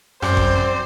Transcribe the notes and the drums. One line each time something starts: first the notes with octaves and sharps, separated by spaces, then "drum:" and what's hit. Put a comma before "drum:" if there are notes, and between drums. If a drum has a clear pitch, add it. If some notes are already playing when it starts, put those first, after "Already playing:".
F#2 C4 C5 D5, drum: rim click
drum: kick G#1